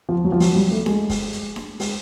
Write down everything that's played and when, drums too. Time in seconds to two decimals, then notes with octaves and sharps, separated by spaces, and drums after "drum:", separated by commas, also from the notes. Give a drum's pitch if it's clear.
0.09 F3
0.24 F#3
0.32 F3
0.40 F#3, drum: open hi-hat
0.56 G3
0.71 A3
0.86 G#3, drum: snare D4
1.09 drum: kick, open hi-hat
1.33 drum: hi-hat
1.56 drum: snare D4
1.80 G#3, drum: open hi-hat